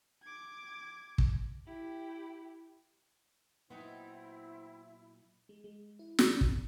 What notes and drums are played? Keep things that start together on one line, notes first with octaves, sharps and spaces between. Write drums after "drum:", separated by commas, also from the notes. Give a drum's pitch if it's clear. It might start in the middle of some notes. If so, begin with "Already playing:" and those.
D6 G#6
drum: kick
E4 G4
A#2 F#3 B3 C4 D#4 E4 G5
G#3
G#3
E4
D3, drum: snare
B2, drum: kick